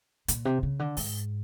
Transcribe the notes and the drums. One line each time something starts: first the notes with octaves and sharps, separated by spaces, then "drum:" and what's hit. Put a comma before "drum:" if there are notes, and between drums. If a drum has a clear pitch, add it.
A#2, drum: hi-hat
C3
C#3
D3
G#2, drum: open hi-hat